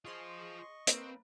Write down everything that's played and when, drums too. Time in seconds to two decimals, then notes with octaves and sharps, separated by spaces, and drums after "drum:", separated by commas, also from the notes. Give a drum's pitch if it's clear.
0.05 F4 G#4 C5 D#5 C6 C#6 C7
0.87 A#3 C4 B4, drum: hi-hat